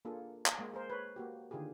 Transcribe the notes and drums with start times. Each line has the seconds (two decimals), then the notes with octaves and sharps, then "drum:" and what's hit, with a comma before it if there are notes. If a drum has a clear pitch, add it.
0.05 A#3 D4 F4 G#4 A4
0.46 drum: clap
0.59 G#3 A#3
0.74 G#4 A#4 C5
0.90 B4 C#5
1.16 A#3 F#4 G4
1.51 D3 D#3 F4 G4 G#4